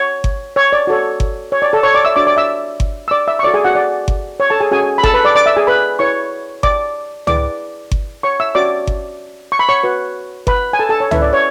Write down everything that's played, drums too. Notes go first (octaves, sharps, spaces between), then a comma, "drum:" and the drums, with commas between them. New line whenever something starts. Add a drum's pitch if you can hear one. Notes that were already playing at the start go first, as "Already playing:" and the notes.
Already playing: C#5
drum: kick G1
C#5
D5
F#4 A4 C#5
drum: kick G1
C#5
D5
A4 A5
C#5 C#6
D5 D6
E5 E6
D4 F#4 C#5 D5 D6
D5 D6
E5 E6
drum: kick G1
E6
D5 D6
E5 E6
C#6
F#4 A4 C#5 D5 D6
G#4 G#5
F#4 F#5
D5
drum: kick G1
C#5
A4 A5
G#4 G#5
C#4 F#4 G#4 C#5 G#5
B5
A4 A5, drum: kick G1
B4 B5
D5 D6
D5 D6
E5 E6
G#4 G#5
B4 B5
E4 B4 C#5 C#6
D5 D6, drum: kick G1
E4 G#4 B4 D5 D6, drum: tom
drum: kick G1
C#5 C#6
E5 E6
C#4 F#4 C#5 D5 D6
drum: kick G1
C#6
B5
C#5 C#6
F#4 B4
B4 B5, drum: kick G1
G#5
A4 A5
A4 A5
C#5
C#4 E4 B4 E5, drum: tom
D5
C#5